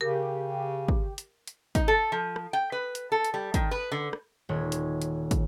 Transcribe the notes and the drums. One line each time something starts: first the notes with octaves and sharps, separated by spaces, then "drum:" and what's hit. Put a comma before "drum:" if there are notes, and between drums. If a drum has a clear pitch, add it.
C#3 G4 A#4
drum: kick
drum: hi-hat
drum: hi-hat
D#4, drum: kick, hi-hat
A4
F3
drum: rim click
G5
B4
drum: hi-hat
A4
drum: hi-hat
G3
D#3, drum: kick, hi-hat
B4
D3
drum: rim click
D#1 C#5
drum: hi-hat
drum: hi-hat
drum: kick, hi-hat